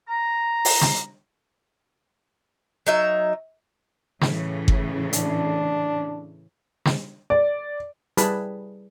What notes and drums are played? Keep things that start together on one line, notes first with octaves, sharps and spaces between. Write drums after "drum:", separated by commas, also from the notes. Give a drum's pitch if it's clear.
A#5
drum: open hi-hat
drum: snare
F#3 D#4 E5
A2 C#3 E3, drum: snare
drum: kick G1
D4, drum: hi-hat
drum: snare
D5
G3 E4 G#4 B4 A5 B5, drum: hi-hat